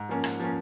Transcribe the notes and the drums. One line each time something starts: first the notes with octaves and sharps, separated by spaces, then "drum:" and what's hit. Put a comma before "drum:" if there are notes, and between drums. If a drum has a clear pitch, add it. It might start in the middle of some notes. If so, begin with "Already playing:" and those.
Already playing: G#2
F3 A#3 C#4
G#2, drum: rim click
F3 A#3 C#4